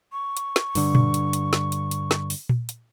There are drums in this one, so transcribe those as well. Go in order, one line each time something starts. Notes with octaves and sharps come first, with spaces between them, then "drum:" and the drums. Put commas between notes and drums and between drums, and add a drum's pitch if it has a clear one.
C#6
drum: hi-hat
drum: snare
G2 D3, drum: open hi-hat
drum: tom A#2
drum: hi-hat
drum: hi-hat
drum: snare
drum: hi-hat
drum: hi-hat
drum: snare
drum: open hi-hat
drum: tom A#2
drum: hi-hat